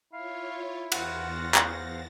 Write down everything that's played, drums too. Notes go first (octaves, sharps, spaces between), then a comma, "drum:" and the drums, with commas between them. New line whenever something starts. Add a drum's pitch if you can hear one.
E4 F4 C#5 F5
E2 F#4 C5 F5 F#5 A6 A#6, drum: cymbal
drum: clap